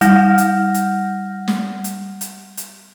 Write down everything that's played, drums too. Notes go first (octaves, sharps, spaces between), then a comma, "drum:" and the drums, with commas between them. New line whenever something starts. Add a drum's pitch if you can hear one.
G3 F#5 F6 G6 A#6, drum: hi-hat
drum: hi-hat
drum: hi-hat
drum: snare
drum: hi-hat
drum: hi-hat
drum: hi-hat